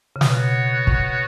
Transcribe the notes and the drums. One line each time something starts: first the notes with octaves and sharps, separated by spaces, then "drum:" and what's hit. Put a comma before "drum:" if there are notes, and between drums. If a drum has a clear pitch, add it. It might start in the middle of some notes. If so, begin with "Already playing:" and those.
C#3
B2 B3 F#4 C#5, drum: snare
drum: kick